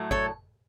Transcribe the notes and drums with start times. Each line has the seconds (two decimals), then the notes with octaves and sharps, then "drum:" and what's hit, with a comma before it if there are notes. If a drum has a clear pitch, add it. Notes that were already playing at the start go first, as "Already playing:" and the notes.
Already playing: A2 F#3 A3
0.11 A4 C#5, drum: kick G1